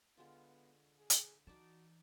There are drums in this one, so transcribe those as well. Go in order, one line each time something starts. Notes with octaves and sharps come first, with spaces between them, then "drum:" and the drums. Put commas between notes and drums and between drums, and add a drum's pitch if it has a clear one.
D3 G#3 B3 F4
G#4
drum: hi-hat
E3 D#4 F#4 D5 A5